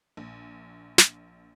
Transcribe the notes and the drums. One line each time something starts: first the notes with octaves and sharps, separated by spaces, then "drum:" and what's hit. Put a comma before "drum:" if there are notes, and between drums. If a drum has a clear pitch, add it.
A#1
drum: snare